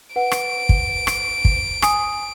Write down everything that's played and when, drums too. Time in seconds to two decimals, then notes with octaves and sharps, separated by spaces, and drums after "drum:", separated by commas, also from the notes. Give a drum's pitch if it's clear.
0.16 B4 F#5 D7
0.32 drum: rim click
0.69 drum: kick
1.07 drum: rim click
1.45 drum: kick
1.82 G#5 D#6, drum: rim click